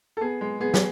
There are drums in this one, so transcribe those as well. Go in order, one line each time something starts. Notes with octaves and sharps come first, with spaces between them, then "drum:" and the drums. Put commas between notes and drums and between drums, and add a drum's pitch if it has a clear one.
A4
B3 G#4
G#3
B3 G#4
drum: snare